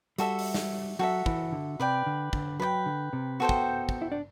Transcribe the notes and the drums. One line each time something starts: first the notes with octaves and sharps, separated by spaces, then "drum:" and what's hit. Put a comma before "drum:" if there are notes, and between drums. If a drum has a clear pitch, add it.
G3 F#4 A4 E5, drum: hi-hat
drum: open hi-hat
drum: snare
F#3 F#4 A4 E5
E3, drum: kick
D3
C3 B4 D5 G5
D3
D3, drum: kick
F#3 B4 D5 G5
D3
C3
B3 F#4 A4 C5 G5
drum: kick
drum: kick
E4
D4